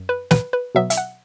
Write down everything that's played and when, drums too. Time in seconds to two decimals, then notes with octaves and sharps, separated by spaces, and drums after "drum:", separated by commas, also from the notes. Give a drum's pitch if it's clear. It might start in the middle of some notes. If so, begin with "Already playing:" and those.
Already playing: F#2
0.09 B4
0.31 B4, drum: snare
0.53 B4
0.75 B2 F#3 B3 E5
0.90 E5, drum: hi-hat
0.97 F#5